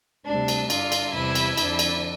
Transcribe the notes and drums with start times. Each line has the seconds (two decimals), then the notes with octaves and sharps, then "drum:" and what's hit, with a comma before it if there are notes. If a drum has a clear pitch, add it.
0.26 D2 C3 G3 D4
0.48 drum: cymbal
0.70 G2 D3 G3 F4, drum: cymbal
0.92 drum: cymbal
1.14 E2 C3 G3 E4
1.35 drum: cymbal
1.57 F2 D3 F3, drum: cymbal
1.79 drum: cymbal